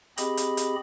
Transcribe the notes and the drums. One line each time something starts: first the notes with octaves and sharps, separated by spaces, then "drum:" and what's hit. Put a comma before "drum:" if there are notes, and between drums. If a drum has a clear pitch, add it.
C4 G4 G#4 D#5 B5, drum: hi-hat
drum: hi-hat
drum: hi-hat